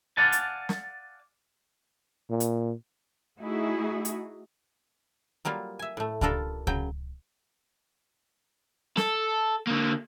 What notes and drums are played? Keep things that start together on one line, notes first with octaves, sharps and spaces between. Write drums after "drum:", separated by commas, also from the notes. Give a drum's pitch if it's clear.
D5 F5 F#5 G#5 A5
drum: hi-hat
drum: snare
A#2
drum: hi-hat
A3 D#4 E4 F#4 G#4
drum: hi-hat
F#3 G3 A#3 F4
E5 G#5
A2 A3
G3 D4 F4 A4 A#4, drum: kick C#2
C#3 F#3 G5, drum: kick C#2
A4, drum: snare
D3 A#3